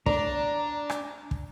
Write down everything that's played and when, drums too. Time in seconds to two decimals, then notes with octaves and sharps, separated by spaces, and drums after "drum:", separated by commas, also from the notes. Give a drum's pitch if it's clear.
0.06 D4 D5 A#5, drum: kick
0.90 drum: rim click
1.31 drum: kick